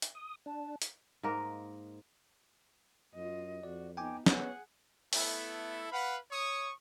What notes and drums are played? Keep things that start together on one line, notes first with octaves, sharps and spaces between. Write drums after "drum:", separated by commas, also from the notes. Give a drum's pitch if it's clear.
drum: hi-hat
D#6
D4 A5
drum: hi-hat
G#2 G#3 A#3 A#4
F#2 F4 D#5
F2 F#4 D5
B3 D#4 G5 G#5 D6
B3 G#4 C#5 F#5, drum: snare
A3 B3 E4 A4, drum: open hi-hat
B4 F5 F#5 B5
C#5 C#6 D#6